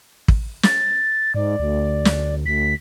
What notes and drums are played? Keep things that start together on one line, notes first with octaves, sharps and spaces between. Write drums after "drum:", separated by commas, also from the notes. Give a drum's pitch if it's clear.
drum: kick
A6, drum: snare
G#2 D5
D2
drum: snare
D2 B6